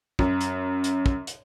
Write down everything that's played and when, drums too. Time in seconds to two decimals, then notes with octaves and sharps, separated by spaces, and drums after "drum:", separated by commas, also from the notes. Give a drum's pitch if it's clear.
0.19 F#2, drum: kick
0.41 drum: hi-hat
0.84 drum: hi-hat
1.06 drum: kick
1.27 drum: hi-hat